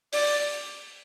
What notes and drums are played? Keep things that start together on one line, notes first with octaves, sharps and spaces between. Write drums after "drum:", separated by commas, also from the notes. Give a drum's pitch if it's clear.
D5, drum: open hi-hat